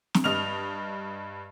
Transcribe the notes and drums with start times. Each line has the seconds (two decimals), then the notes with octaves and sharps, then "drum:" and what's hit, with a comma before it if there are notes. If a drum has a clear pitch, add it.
0.14 drum: snare
0.24 G2 D#5 F6 F7